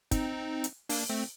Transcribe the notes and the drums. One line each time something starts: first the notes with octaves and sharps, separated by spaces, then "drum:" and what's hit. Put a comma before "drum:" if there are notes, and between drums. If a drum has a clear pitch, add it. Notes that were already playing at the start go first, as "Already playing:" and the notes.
C4 D#4, drum: kick, hi-hat
drum: hi-hat
A#3 D4, drum: open hi-hat
A3 C4